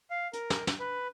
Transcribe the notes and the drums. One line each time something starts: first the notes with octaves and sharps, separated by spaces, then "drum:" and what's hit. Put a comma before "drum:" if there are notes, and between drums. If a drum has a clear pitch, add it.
F5
A#4, drum: hi-hat
drum: snare
drum: snare
B4